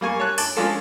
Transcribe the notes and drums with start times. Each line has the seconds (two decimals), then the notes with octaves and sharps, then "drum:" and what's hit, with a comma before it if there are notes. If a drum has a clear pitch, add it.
0.01 G3 A#3 G#5 C#6
0.20 C#5 A5 F#6
0.38 A5 D6, drum: open hi-hat
0.57 F3 G#3 C#4 D4 F4 A4